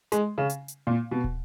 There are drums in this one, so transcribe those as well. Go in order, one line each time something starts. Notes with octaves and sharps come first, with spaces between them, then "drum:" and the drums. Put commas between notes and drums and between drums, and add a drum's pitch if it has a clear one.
G#3, drum: hi-hat
C#3
drum: hi-hat
drum: hi-hat
A#2
B2
drum: kick